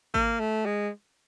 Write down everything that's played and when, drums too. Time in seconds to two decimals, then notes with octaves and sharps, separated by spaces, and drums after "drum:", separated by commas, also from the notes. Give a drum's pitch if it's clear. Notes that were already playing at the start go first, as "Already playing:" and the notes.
0.14 A#3, drum: kick G#1
0.40 A3
0.66 G#3